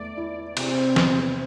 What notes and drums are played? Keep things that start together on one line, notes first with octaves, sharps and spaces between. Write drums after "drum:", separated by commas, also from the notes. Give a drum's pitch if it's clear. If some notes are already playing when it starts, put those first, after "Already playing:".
Already playing: E2 E3 A3 D5
E4
C3 C4, drum: cymbal
E2, drum: snare